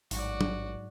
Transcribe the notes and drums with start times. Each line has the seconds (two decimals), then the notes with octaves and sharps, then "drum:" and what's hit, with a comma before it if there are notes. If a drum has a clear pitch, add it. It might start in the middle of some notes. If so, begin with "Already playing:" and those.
0.11 A1 G#2 F#3 F#4 D5, drum: open hi-hat
0.41 drum: tom F#3